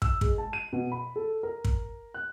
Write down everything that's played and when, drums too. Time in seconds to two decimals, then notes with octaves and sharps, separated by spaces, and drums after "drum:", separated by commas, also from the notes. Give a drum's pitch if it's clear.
0.02 E6, drum: kick
0.21 G#3, drum: kick
0.38 A5
0.53 D#7
0.73 B2
0.92 B5
1.16 A4
1.43 A#4
1.65 drum: kick
2.14 F#6